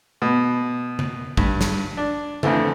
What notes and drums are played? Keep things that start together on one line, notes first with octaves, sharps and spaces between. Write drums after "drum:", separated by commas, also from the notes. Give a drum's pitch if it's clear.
B2
drum: tom C#3
G2, drum: kick
drum: snare
D4
F2 D3 E3 A3, drum: tom C#3